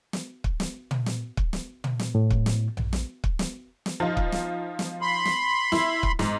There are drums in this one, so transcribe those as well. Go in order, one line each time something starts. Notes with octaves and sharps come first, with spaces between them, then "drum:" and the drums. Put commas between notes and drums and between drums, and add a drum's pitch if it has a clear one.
drum: snare
drum: kick
drum: snare
drum: tom
drum: snare
drum: kick
drum: snare
drum: tom
drum: snare
A2
drum: kick
drum: snare
drum: tom A#1
drum: snare
drum: kick
drum: snare
drum: snare
F3 D#4 F4
drum: kick
drum: snare
drum: snare
B5 C6
drum: snare
E4, drum: snare
drum: kick
G#2, drum: snare